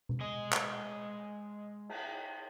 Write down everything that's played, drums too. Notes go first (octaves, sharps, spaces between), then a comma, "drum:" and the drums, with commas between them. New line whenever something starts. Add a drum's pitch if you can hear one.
drum: tom B2
G#3 D#5
drum: clap
drum: cymbal